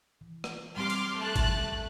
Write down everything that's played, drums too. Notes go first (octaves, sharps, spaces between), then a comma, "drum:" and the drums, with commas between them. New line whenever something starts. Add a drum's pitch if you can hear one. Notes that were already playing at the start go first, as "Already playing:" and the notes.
E3
drum: rim click
G3 C4 G4 C6 D6 F6
drum: cymbal
A3 A5 F#6
drum: kick G#1, cymbal